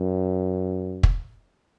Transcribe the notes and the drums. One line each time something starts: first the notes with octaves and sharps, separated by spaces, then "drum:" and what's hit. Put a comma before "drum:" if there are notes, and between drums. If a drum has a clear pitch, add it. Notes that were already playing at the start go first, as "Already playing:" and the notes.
Already playing: F#2
drum: kick